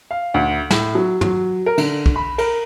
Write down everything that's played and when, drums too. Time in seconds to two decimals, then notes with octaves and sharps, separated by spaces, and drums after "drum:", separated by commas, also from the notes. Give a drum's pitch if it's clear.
0.11 F5
0.34 D2
0.70 A2, drum: snare
0.95 F#3
1.21 F#3, drum: tom
1.66 A#4
1.78 D3, drum: cymbal
2.06 drum: kick B1
2.16 B5
2.38 A#4, drum: cymbal